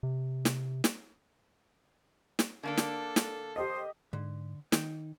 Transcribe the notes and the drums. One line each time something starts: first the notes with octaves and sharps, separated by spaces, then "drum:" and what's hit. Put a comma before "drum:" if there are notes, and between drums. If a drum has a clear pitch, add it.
C3
drum: snare
drum: snare
drum: snare
D3 A#3 D4 A4
drum: snare
drum: snare
G4 C5 D#5
G#2 D3
D#3 D#4 G5, drum: snare